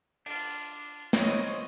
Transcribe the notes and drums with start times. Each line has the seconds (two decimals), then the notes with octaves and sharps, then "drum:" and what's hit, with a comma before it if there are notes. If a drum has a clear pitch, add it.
0.26 D4 F4, drum: open hi-hat
1.13 E3 A#3 C4 C5 C#5 D#5, drum: snare